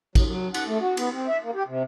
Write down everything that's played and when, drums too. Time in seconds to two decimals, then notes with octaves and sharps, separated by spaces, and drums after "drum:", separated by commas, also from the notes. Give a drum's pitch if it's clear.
0.15 F#3, drum: kick, cymbal
0.27 F#3
0.54 F#5, drum: cymbal
0.67 A3
0.81 F#4
0.97 B3, drum: cymbal
1.12 C4
1.28 E5
1.43 A#3
1.55 G4
1.67 C3